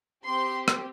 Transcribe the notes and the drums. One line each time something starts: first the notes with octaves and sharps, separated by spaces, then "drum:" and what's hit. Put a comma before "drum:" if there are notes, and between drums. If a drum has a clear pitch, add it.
C4 G4 C6
drum: rim click